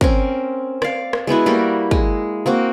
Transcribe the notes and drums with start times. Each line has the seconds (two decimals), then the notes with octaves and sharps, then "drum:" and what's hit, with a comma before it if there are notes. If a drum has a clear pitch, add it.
0.01 C4 C#4 A#4, drum: kick
0.82 D5 F5, drum: rim click
1.13 drum: rim click
1.27 G#3 B3 E4 F#4
1.46 G3 A#3 F#4 A#4
1.91 G#3, drum: kick
2.46 A#3 C4 F#4